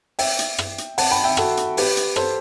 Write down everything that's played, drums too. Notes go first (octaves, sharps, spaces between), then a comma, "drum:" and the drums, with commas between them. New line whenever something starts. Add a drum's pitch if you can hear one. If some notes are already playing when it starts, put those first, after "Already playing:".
E5 G5, drum: open hi-hat
drum: hi-hat
drum: rim click
drum: hi-hat
F#5 A5, drum: open hi-hat
G5 B5
E5 G5
F#4 A4, drum: rim click
drum: hi-hat
G4 B4, drum: open hi-hat
drum: hi-hat
A4 C5, drum: rim click